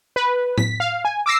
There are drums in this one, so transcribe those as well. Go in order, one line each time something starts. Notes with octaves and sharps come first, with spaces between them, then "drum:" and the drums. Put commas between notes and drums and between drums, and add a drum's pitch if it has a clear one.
B4
B6, drum: tom A2
F5
G#5
D6 E6 A#6 C7